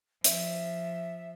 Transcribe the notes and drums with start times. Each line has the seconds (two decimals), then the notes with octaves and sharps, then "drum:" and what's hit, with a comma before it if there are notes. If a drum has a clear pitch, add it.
0.24 F3 E5, drum: hi-hat